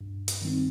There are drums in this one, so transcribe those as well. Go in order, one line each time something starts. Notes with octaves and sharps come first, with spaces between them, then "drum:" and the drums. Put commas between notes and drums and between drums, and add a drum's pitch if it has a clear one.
G2
drum: hi-hat
D#3 G3 C4 D#4